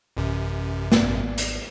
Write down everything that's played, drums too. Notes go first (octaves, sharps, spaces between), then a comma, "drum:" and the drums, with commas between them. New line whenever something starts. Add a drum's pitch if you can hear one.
A1 F#2 C3
G#1 B3 D5, drum: snare
drum: hi-hat